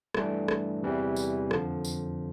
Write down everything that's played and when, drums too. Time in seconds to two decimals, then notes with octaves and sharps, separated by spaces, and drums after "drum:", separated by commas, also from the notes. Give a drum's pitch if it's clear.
0.14 G2 E3 A3 D4, drum: rim click
0.48 drum: rim click
0.83 E2 C3 E3 G3
1.16 drum: tambourine
1.51 F2 D3 F3, drum: rim click
1.85 drum: tambourine